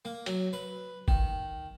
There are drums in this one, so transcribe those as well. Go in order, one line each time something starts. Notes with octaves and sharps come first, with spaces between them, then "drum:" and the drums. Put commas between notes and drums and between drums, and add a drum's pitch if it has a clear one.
A#3
F#3, drum: hi-hat
B4
D#3, drum: kick G1